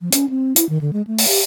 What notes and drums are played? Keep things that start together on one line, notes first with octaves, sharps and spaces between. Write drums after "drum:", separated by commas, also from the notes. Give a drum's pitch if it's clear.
F3
C#4, drum: hi-hat
C4
E4, drum: hi-hat
D#3
D3
G#3
A3
drum: open hi-hat
G4